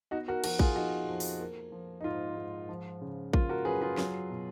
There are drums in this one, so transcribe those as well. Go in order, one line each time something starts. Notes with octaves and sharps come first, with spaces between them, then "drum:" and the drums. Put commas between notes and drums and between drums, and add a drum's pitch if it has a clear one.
B3 D#4 F#4
F#4 A#4
F3 F#4 A#4, drum: cymbal
F4 G#4, drum: kick
F2 D#4 F#4
F2
drum: open hi-hat
A#3
F3
D#4
G#2 F4
G#2
F3
C#3
A#3 F4, drum: kick
F#4 A#4
F#2 G#4 B4
F4 G#4
F#3, drum: snare
B2